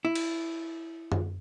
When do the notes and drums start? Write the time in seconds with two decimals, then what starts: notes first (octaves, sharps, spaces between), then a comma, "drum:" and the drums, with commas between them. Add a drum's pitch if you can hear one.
0.05 E4
0.15 drum: cymbal
1.12 drum: tom F#2